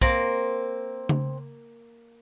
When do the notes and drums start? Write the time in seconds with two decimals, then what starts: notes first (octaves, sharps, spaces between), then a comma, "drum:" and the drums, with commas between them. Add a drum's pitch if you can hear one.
0.01 A#3 C4, drum: kick
1.09 drum: tom C#3